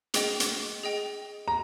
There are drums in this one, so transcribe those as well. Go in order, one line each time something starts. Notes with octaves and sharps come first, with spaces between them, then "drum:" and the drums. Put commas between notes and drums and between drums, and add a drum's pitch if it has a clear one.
G#4 D#5 G5, drum: hi-hat
drum: hi-hat
G#4 D#5 G5
A#5